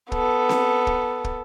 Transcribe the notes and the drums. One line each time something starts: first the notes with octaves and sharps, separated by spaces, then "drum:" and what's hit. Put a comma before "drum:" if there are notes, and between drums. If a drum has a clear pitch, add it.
B3 A4, drum: kick
drum: snare C4
drum: kick
drum: kick